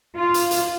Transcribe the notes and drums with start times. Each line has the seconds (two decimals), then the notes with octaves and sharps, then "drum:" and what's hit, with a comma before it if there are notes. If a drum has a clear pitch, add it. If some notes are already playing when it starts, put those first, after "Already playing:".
0.18 F4
0.34 drum: hi-hat
0.51 drum: hi-hat